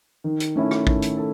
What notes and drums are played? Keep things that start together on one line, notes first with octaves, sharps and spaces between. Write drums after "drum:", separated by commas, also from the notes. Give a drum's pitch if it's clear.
D#3
drum: hi-hat
A3 C#4 E4 A4
drum: rim click
D#3, drum: kick A1
drum: hi-hat
A4